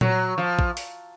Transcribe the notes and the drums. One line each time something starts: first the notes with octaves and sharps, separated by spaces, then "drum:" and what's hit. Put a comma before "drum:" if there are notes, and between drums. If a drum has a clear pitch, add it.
F#3, drum: tom A#2
F3
drum: kick
drum: open hi-hat